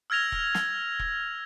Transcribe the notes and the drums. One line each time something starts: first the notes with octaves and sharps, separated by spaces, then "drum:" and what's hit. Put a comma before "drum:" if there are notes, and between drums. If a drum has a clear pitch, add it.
E6 F6 G#6 A#6 F7
drum: kick E1
drum: snare
drum: kick E1